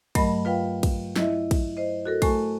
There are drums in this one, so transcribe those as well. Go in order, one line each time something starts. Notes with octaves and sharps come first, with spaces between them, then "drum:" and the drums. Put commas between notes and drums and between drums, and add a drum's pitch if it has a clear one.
G2 F#3 A3 A#4 D#5 B5, drum: kick, cymbal
F4 B4 F5 G5
drum: kick, cymbal
E4 D#5 E5, drum: snare
drum: kick, cymbal
C5 D#5
F#4 A4 A#4
A3 A4 G#5 C#6, drum: kick, cymbal